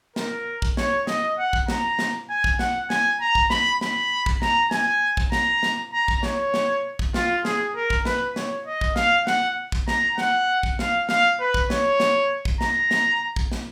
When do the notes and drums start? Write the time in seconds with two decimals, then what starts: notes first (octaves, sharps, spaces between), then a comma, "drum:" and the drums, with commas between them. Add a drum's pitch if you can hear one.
0.16 A#4, drum: snare
0.62 drum: kick
0.77 C#5, drum: snare
1.07 D#5, drum: snare
1.39 F#5
1.53 drum: kick
1.68 A#5, drum: snare
1.99 drum: snare
2.30 G#5
2.44 drum: kick
2.59 F#5, drum: snare
2.90 G#5, drum: snare
3.21 A#5
3.35 drum: kick
3.50 B5, drum: snare
3.81 B5, drum: snare
4.26 drum: kick
4.42 A#5, drum: snare
4.71 G#5, drum: snare
5.17 drum: kick
5.32 A#5, drum: snare
5.63 drum: snare
5.93 A#5
6.08 drum: kick
6.23 C#5, drum: snare
6.54 drum: snare
6.99 drum: kick
7.14 F4, drum: snare
7.45 G#4, drum: snare
7.76 A#4
7.90 drum: kick
8.05 B4, drum: snare
8.36 C#5, drum: snare
8.67 D#5
8.81 drum: kick
8.96 F5, drum: snare
9.27 F#5, drum: snare
9.72 drum: kick
9.88 A#5, drum: snare
10.18 F#5, drum: snare
10.63 drum: kick
10.79 F5, drum: snare
11.09 F5, drum: snare
11.40 B4
11.54 drum: kick
11.70 C#5, drum: snare
12.00 drum: snare
12.45 drum: kick
12.61 A#5, drum: snare
12.91 drum: snare
13.36 drum: kick
13.52 drum: snare